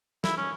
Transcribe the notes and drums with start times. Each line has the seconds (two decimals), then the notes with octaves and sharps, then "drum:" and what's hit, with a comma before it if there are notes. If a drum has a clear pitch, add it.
0.24 E4, drum: snare
0.37 C#4